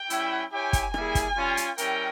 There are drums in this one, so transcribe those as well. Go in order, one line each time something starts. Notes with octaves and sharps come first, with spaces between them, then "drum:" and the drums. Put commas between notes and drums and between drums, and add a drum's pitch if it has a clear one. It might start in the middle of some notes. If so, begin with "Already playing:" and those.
Already playing: G5
G3 C#4 E4, drum: hi-hat
E4 G4 C#5 G5 G#5
drum: kick, hi-hat
G3 A#3 E4 G#4 G#5, drum: rim click
drum: kick, hi-hat
G3 C#4 F4
drum: hi-hat
G3 C#4 E4 A#4 G5, drum: hi-hat